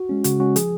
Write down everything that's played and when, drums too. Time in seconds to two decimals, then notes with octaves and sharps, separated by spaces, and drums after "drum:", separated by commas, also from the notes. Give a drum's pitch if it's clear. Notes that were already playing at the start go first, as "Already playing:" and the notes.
Already playing: F#4
0.09 G#3 C#4
0.24 C#3 F#4, drum: hi-hat
0.40 G#3 C#4 F#4
0.56 F3 G#4, drum: hi-hat